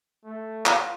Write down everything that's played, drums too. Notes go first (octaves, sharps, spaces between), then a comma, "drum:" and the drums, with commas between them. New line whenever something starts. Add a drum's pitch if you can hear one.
A3
F4, drum: clap